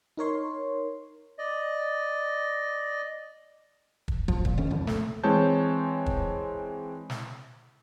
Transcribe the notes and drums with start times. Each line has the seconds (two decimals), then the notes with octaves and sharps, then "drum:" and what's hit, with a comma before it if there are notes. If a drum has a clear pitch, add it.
0.17 D#4 A#4 C#5 C6
1.38 D5 D#5
4.08 drum: kick
4.28 F3, drum: kick
4.45 A#2, drum: kick
4.57 D2 G#2 D#3 C#4
4.70 F#1 C2 F2
4.87 A3, drum: snare
5.23 E3 G#3 C4 C#5 A5 G6
6.06 drum: kick
7.10 drum: snare